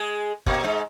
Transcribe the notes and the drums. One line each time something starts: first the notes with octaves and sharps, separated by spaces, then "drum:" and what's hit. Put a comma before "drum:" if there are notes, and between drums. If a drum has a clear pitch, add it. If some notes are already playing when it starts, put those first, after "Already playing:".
Already playing: G#3 G#4
A#2 A#3, drum: kick
G#2 G#3